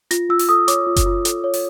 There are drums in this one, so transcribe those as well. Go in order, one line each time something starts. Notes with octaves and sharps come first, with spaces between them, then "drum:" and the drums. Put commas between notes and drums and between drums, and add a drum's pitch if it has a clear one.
F4 A#6, drum: hi-hat
F4 E6
drum: open hi-hat
A4 D#6
C#5 D6, drum: hi-hat
F4
drum: kick F#1, hi-hat
F4
A4, drum: hi-hat
C#5
drum: open hi-hat